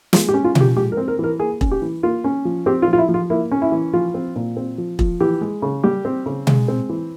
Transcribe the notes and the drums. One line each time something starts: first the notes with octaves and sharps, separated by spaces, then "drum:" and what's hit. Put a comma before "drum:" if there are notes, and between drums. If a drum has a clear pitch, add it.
G#3 F4, drum: snare
G4
C#4
F4
F3, drum: tom B2
G4
G#3 G4
A#4
C4
A#4
E3 A#4
A#3 G#4
C#4, drum: kick E1
G4
E3
A#3 F4
C#4
F3
C4 G4
F4
F3
F4
E4
F3
F4
A#3 E4
C#4
E4
E3
F3 F4
C4
A#2
C4
F3
F3, drum: kick E1
E3 G4
G#3
C#3
G3 G4
C4
C#3
G#3, drum: tom B2
C4
E3